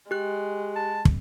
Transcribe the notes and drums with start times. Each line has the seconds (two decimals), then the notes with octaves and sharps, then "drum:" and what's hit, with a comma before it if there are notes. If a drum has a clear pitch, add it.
0.11 G#3 G4 F#6
0.76 A5
1.05 drum: kick